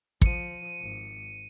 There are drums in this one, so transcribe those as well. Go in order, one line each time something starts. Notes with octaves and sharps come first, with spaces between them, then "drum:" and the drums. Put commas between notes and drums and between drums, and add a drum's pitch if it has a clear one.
F3 C#7 D#7, drum: kick
G#1